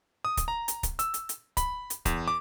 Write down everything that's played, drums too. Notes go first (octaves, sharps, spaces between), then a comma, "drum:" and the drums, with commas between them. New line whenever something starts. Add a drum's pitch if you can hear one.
D#6
drum: kick D1, hi-hat
A#5
drum: hi-hat
drum: kick D1, hi-hat
E6, drum: hi-hat
drum: hi-hat
drum: hi-hat
B5, drum: kick D1, hi-hat
drum: hi-hat
E2, drum: kick D1, hi-hat
D6